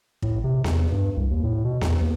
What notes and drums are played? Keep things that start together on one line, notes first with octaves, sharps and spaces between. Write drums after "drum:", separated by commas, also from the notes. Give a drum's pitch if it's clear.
A2, drum: kick
C3
E2, drum: snare B3
G2
C2
D#2
A2
B2
E2, drum: snare B3
D#2